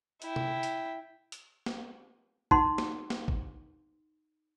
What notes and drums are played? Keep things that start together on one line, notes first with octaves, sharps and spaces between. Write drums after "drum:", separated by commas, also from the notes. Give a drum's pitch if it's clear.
E4 G5, drum: hi-hat
drum: tom C3
drum: hi-hat
drum: hi-hat
drum: snare
D#4 F#5 C6, drum: kick
drum: snare
drum: snare
drum: kick